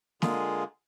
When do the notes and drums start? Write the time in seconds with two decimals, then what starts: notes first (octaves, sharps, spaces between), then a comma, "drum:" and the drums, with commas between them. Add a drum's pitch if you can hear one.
0.22 D3 G#3 A#3 F4 G#4, drum: snare